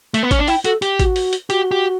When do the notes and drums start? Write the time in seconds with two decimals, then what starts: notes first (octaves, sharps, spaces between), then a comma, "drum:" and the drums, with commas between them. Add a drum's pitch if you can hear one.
0.14 A3, drum: hi-hat
0.23 B3
0.31 C#4, drum: kick A1, hi-hat
0.39 D4
0.48 E4 G5, drum: open hi-hat
0.65 F#4 A4, drum: hi-hat
0.82 G4, drum: hi-hat
0.99 F#4, drum: kick A1, hi-hat
1.16 drum: open hi-hat
1.33 drum: hi-hat
1.50 F#4 G4, drum: hi-hat
1.71 G4